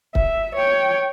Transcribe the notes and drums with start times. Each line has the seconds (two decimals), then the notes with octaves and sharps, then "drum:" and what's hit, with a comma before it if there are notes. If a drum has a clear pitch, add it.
0.15 E5, drum: kick
0.55 C#5 G5